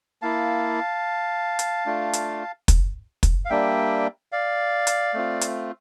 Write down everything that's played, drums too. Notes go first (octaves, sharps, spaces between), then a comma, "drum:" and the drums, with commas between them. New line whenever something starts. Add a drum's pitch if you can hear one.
A#3 E4 F5 A5
drum: hi-hat
A3 D4 F4
drum: hi-hat
drum: kick, hi-hat
drum: kick, hi-hat
F5
G3 A#3 D4 E5 G5
D5 F5
drum: hi-hat
A3 C4 F4
drum: hi-hat